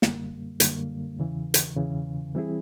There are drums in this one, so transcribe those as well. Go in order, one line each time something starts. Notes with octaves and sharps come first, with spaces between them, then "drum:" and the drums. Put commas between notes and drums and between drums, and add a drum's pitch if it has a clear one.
F#2 D3 G3 A#3, drum: snare
F#2 D3 G3 A#3, drum: hi-hat
E2 C#3 E3
drum: hi-hat
E2 C#3 E3
E3 G3 C4 E4 G#4